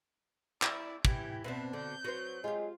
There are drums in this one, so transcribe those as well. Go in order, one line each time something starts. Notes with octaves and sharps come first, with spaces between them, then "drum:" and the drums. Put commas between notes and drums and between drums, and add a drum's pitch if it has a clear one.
E4 D5, drum: clap
E3 E4 G4 G5, drum: kick
B2 B3 C4 D4 C5 E5
D3 G6
F#3 F#4 B4 C5
G#3 F4 G4